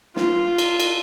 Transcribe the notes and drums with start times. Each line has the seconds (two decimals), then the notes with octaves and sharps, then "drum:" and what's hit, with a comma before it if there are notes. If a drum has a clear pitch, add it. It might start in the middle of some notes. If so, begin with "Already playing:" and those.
0.16 F4, drum: snare
0.58 drum: cymbal
0.80 drum: cymbal